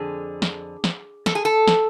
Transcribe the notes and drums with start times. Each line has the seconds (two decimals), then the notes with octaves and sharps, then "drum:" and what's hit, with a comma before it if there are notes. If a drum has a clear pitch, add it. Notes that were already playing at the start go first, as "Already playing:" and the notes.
Already playing: F2 D3 G#4
0.42 drum: snare
0.84 drum: snare
1.26 A4, drum: snare
1.35 G#4
1.45 A4
1.67 drum: snare